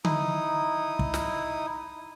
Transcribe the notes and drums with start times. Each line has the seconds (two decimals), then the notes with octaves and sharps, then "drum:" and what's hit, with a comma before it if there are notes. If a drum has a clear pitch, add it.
0.05 D#4 E4 D#6, drum: tom D3
0.99 drum: kick
1.14 drum: snare